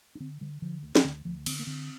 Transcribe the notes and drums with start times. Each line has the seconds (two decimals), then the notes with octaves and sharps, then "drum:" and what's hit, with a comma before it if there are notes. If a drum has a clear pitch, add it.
0.15 D4
0.20 D3 C4
0.41 D3 G3
0.62 D3 F3
0.83 D2
0.95 F3, drum: snare
1.04 D2 D3
1.25 D2 F3
1.46 D3 C4, drum: cymbal
1.59 A#3
1.67 D3 C4